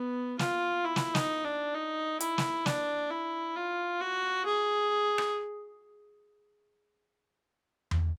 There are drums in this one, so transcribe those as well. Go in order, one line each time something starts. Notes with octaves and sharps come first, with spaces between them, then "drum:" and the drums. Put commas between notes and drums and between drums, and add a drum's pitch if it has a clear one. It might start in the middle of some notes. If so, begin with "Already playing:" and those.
Already playing: B3
F4, drum: snare
E4
drum: snare
D#4, drum: snare
D4
D#4
E4, drum: hi-hat
drum: snare
D4, drum: snare
E4
F4
F#4
G#4
drum: rim click
drum: tom E2